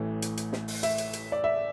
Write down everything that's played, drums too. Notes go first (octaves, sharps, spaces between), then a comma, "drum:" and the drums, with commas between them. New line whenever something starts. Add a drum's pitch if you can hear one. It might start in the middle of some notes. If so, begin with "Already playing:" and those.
Already playing: A1 A2 E3 A3
drum: hi-hat
drum: hi-hat
drum: snare
drum: open hi-hat
E5, drum: hi-hat
drum: hi-hat
drum: hi-hat
D5
E5